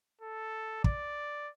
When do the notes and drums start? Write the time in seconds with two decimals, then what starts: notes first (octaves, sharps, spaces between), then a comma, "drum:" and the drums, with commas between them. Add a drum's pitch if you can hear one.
0.21 A4
0.84 D5, drum: kick